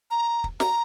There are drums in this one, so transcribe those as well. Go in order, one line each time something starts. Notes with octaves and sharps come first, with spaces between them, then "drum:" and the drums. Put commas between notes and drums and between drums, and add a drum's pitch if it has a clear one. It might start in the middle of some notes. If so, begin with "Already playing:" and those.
A#5
drum: kick
A#5, drum: snare